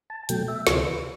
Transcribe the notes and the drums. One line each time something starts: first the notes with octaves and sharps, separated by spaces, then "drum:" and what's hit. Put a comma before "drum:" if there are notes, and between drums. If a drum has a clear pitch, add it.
A5
B2 F#3 A3 G5, drum: hi-hat
E5
D2 C3 E3 C5, drum: snare
B4